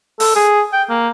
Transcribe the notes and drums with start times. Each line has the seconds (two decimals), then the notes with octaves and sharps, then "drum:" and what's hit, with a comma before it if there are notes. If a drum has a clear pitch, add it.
0.20 A4, drum: open hi-hat
0.36 G#4
0.73 G5
0.90 A#3